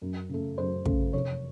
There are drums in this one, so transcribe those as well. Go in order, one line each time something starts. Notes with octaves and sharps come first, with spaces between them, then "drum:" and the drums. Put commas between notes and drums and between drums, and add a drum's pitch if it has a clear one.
F#2
C#3 A3
F#2 C5
C#3 A3, drum: kick
F1 C#5